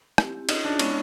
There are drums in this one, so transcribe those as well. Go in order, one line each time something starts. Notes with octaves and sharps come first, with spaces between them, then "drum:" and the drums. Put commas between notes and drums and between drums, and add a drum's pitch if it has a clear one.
C4 E4 G4, drum: rim click
C#4 D#4 F4 G#4 C#5, drum: cymbal
D4
G#3 B3 C#4 E4, drum: cymbal